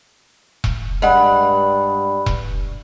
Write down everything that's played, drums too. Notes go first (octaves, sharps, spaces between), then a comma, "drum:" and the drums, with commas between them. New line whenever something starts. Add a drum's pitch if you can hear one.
drum: kick E1
G2 G#3 D5 F#5 B5
drum: kick E1